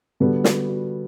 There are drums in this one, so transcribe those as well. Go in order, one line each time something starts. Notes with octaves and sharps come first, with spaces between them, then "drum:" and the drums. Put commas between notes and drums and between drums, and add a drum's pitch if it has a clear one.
D3 G3 B3 F#4 A4
F#4, drum: snare
F#4